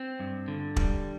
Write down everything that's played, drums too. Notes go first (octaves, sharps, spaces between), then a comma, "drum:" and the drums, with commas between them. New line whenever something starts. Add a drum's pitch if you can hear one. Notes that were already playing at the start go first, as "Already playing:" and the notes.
Already playing: C4
G2
D3
G3, drum: kick